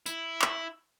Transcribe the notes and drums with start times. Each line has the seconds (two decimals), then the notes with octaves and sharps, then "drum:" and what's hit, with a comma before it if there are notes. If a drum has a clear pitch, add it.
0.06 E4, drum: tambourine
0.42 drum: clap